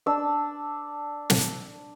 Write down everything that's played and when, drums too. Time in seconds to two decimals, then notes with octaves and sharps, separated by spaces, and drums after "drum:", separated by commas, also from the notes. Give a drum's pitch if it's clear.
0.06 D4 E6
1.30 drum: snare